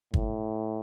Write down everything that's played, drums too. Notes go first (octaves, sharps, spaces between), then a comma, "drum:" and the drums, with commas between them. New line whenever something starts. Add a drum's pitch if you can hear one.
A2, drum: kick G1